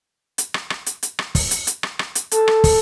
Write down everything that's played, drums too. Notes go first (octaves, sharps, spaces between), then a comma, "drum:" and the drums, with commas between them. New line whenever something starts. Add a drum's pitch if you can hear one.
drum: hi-hat
drum: rim click
drum: rim click
drum: hi-hat
drum: hi-hat
drum: rim click
drum: kick, open hi-hat
drum: hi-hat
drum: hi-hat
drum: rim click
drum: rim click
drum: hi-hat
A4, drum: hi-hat
drum: rim click
drum: kick, open hi-hat